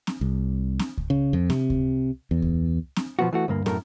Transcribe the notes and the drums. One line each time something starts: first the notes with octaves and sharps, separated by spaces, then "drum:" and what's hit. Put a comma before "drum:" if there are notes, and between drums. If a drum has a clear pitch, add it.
drum: snare
C2
drum: snare
drum: kick C#2
C#3
F2
C3, drum: snare
drum: kick C#2
E2
drum: kick C#2
drum: snare
B2 F3 B3 F#4
E3 A3 F#4
D2 G2 A#3
F#2 A2 A3 A#4, drum: snare